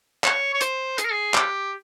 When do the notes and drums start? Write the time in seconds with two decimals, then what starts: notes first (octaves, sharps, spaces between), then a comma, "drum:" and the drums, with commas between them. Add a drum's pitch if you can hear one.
0.24 C#5, drum: clap
0.54 C#5
0.61 C5, drum: hi-hat
0.98 G#4, drum: hi-hat
1.05 A#4
1.12 G#4
1.34 G4, drum: clap